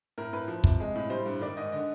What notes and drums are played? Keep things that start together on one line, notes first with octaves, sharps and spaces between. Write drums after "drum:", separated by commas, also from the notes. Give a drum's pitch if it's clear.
A2 A#4
A2 B4
F3
C3, drum: kick
G#3
A2
G3 C5
G2
D#3 D5
G#2 D#5
D3 D#5